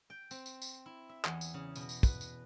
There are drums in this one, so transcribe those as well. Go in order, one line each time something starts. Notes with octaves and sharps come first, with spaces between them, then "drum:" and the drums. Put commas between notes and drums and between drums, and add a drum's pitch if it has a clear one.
G5
C4, drum: tambourine
drum: tambourine
drum: tambourine
E4
E5
E2, drum: clap
drum: tambourine
C#3
B2, drum: tambourine
drum: tambourine
B4, drum: kick, tambourine
drum: tambourine